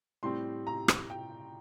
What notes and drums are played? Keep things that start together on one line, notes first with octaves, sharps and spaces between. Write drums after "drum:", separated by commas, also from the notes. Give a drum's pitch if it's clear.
A2 G3 C4 C6
A#5
drum: rim click
G5